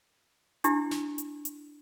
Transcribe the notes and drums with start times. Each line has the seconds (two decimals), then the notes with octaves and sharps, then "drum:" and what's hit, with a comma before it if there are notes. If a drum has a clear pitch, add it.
0.64 D4 E4 G4, drum: hi-hat
0.91 drum: snare
1.18 drum: hi-hat
1.45 drum: hi-hat